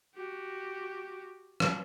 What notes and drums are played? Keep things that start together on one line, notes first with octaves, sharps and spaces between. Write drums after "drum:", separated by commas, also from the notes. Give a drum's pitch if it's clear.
F#4 G4
drum: rim click